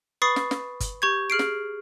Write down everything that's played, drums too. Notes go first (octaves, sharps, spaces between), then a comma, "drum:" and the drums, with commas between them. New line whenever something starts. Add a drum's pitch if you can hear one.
B4 B5 C#6 D#6 A6 C7
drum: snare
drum: snare
drum: kick G1, hi-hat
G4 C#6 G6 G#6
G#4 F6 C7 D7
drum: snare